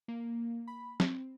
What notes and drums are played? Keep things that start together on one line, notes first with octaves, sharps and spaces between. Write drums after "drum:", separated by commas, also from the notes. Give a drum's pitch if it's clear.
A#3
B5
C4, drum: snare